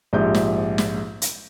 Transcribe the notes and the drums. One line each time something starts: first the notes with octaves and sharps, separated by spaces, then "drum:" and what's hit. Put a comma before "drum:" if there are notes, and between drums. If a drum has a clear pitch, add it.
A#1 G#2 F3 G4 E5 G6
drum: snare
drum: snare
drum: hi-hat